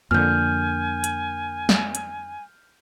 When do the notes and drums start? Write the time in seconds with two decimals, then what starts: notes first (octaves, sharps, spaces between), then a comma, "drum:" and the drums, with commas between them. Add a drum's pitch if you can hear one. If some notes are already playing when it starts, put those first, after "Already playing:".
0.11 F2 D3 A#3 G#5 F6 G6
1.04 drum: hi-hat
1.69 drum: snare
1.95 drum: hi-hat